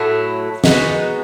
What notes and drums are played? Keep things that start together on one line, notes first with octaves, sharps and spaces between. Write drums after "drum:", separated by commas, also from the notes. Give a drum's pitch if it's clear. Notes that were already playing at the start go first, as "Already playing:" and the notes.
Already playing: A2 F#3 A3 E4
G#3 B3 D#4 F#4, drum: snare